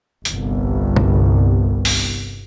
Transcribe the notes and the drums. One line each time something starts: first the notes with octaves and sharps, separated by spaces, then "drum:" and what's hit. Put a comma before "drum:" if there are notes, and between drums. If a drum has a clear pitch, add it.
G1 C2, drum: hi-hat
drum: tom
drum: open hi-hat